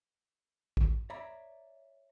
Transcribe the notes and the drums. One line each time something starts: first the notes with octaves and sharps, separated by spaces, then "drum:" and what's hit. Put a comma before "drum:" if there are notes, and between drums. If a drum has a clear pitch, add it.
drum: kick
C#5 D5 E5 A#5 B5